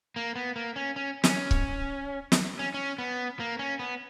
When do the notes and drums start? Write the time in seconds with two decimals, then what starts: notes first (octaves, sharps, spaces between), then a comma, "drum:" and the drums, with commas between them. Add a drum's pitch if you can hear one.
0.16 A#3
0.35 B3
0.56 A#3
0.76 C#4
0.96 C#4
1.24 C#4, drum: snare
1.51 drum: kick C#1
2.32 drum: snare
2.59 C#4
2.74 C#4
2.98 B3
3.40 A#3
3.59 C#4
3.79 B3